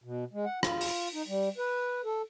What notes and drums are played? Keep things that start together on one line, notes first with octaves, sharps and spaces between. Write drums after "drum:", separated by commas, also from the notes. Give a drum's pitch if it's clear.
B2
G#3
F#5
F4, drum: rim click
drum: open hi-hat
D#4
G3
B4
A4